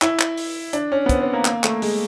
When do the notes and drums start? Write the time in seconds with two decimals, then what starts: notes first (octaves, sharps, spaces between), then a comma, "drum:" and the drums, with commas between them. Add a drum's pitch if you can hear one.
0.02 E4, drum: clap
0.20 drum: clap
0.38 drum: open hi-hat
0.73 D4, drum: hi-hat
0.92 C#4
1.06 B3
1.09 C4, drum: kick, hi-hat
1.21 C4
1.33 A#3
1.45 A#3, drum: clap
1.64 A3, drum: clap
1.82 G#3, drum: open hi-hat